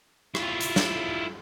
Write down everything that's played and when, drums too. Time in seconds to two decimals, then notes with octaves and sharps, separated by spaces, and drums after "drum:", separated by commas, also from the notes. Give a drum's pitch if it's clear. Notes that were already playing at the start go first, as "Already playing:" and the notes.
0.35 E4 F4, drum: rim click
0.61 drum: hi-hat
0.76 drum: snare